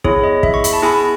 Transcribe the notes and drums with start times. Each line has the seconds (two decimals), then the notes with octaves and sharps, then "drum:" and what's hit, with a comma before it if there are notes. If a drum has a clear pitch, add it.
0.04 B3 E4 G#4 C#5, drum: kick
0.24 D#5
0.43 E5, drum: kick
0.54 C#6
0.64 B5, drum: hi-hat
0.73 A5
0.82 B3 E4 G#4 G#5